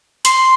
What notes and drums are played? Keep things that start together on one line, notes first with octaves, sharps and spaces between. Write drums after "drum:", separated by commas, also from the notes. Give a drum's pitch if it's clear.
C6, drum: hi-hat